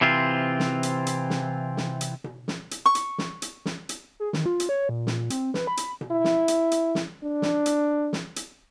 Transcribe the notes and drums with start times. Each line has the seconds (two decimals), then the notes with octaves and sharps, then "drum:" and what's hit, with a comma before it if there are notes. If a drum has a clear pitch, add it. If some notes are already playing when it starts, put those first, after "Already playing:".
0.01 C3 E3 C4 F4
0.59 drum: snare
0.83 drum: hi-hat
1.07 drum: hi-hat
1.30 drum: snare
1.77 drum: snare
2.01 drum: hi-hat
2.24 drum: tom B2
2.48 drum: snare
2.71 drum: hi-hat
2.86 C#6
2.95 drum: hi-hat
3.18 drum: snare
3.42 drum: hi-hat
3.65 drum: snare
3.89 drum: hi-hat
4.20 G#4
4.33 D#3, drum: snare
4.46 F4
4.60 drum: hi-hat
4.69 C#5
4.89 A#2
5.07 drum: snare
5.30 C4, drum: hi-hat
5.54 B4, drum: snare
5.67 B5
5.77 drum: hi-hat
6.01 drum: tom B2
6.11 E4
6.24 drum: snare
6.48 drum: hi-hat
6.71 drum: hi-hat
6.95 drum: snare
7.23 D4
7.42 drum: snare
7.66 drum: hi-hat
8.13 drum: snare
8.36 drum: hi-hat